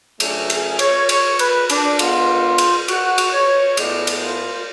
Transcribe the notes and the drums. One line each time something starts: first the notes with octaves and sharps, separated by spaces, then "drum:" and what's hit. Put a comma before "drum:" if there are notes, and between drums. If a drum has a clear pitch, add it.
C#3 F#3 A3 C#4 D4, drum: cymbal
G#4, drum: cymbal
C#5, drum: cymbal
C#5, drum: cymbal
B4, drum: cymbal
D4, drum: cymbal
D3 G#3 B3 F4, drum: cymbal
drum: cymbal
F#4, drum: cymbal
drum: cymbal
C#5
A2 G#3 B3 D5, drum: cymbal
drum: cymbal
F4